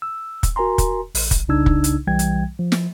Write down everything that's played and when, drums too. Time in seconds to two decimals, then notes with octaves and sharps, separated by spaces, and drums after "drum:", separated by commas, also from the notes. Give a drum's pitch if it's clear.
0.02 E6
0.43 drum: kick, hi-hat
0.56 F#4 A#4 G#5 A#5 C6
0.78 drum: kick, hi-hat
1.15 A1, drum: open hi-hat
1.31 drum: kick, hi-hat
1.49 C2 C#3 D4 D#4 E6 G#6
1.66 drum: kick
1.84 drum: hi-hat
2.07 B1 E3 G3 G5 G#6
2.19 drum: hi-hat
2.59 F3
2.72 drum: snare